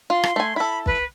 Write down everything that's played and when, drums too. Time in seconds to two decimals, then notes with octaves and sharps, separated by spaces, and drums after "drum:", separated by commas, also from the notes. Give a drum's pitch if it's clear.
0.10 F4 C6
0.23 drum: rim click
0.36 A3 G#5
0.56 E4 A4 B5
0.86 B4, drum: kick